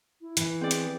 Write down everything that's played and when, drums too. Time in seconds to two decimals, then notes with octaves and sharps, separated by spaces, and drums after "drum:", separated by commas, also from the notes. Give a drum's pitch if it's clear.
0.21 E4
0.37 E3, drum: hi-hat
0.61 C4 G#4 D5
0.71 drum: hi-hat